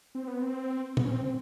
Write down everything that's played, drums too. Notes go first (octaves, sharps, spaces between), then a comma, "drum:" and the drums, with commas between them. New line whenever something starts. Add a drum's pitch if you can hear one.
C4
B3
C4
B3, drum: tom
C#4
C4
C4